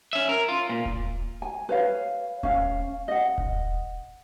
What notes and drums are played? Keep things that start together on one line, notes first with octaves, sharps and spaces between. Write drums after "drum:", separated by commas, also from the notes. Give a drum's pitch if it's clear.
C#4 E5
A#4
F4
A#2
drum: kick D#1
G#5
B4 C#5 F5
C#4 F5, drum: kick D#1
D#5 F#5
drum: kick D#1